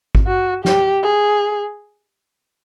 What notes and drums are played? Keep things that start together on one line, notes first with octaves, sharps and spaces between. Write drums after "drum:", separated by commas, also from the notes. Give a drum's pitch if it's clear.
drum: kick G#1
F#4
G4, drum: snare
G#4